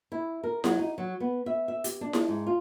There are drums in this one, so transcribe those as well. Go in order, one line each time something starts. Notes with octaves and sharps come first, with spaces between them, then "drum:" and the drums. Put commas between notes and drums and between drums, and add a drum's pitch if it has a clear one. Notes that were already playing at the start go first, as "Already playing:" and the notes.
E4
A#4
F#3, drum: snare E4
D#4
F#3
B3
E5
E5
G4, drum: hi-hat
D4
drum: snare E4
G#2
F4